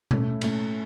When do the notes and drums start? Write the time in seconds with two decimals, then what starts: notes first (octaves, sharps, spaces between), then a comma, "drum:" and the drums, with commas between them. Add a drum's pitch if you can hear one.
0.11 A2 A3 C#4, drum: tom B2
0.41 A2 A3 C#4, drum: cymbal